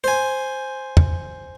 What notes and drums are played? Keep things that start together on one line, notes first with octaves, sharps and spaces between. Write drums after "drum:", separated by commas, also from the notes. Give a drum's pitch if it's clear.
C5 G#5
drum: tom